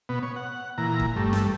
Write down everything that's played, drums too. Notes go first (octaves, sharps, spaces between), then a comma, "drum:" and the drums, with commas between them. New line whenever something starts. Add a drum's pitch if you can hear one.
B2 B3
C#5
F#5
A#2 E3 A#5
drum: kick
G2 A3
drum: snare